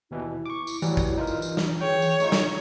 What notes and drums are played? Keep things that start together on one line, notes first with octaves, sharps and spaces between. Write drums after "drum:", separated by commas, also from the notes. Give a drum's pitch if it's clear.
D#2 B2 E3 E4
C#6 D6
drum: tambourine
A2 E3 F#3 G3, drum: tambourine
drum: kick, tambourine
D#4 F4 A#4
drum: tambourine
drum: tambourine
drum: snare
G#4 C#5 G5
drum: tambourine
A3 D#4 F4, drum: tambourine
drum: snare